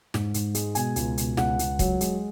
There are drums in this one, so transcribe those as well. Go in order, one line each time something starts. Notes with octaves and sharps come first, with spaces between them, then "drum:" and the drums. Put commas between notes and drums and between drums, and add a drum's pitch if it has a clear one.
G#2, drum: snare
G#2, drum: hi-hat
G#3, drum: hi-hat
B2 G#5, drum: hi-hat
C#2, drum: hi-hat
B2, drum: hi-hat
C#2 F#5, drum: snare
C#2, drum: hi-hat
F#3, drum: kick, hi-hat
G#3, drum: hi-hat